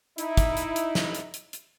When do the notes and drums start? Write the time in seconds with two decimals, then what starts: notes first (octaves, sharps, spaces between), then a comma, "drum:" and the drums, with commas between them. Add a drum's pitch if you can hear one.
0.18 D#4 E4, drum: hi-hat
0.37 drum: kick, hi-hat
0.57 drum: hi-hat
0.76 drum: hi-hat
0.95 drum: snare
1.15 drum: hi-hat
1.34 drum: hi-hat
1.53 drum: hi-hat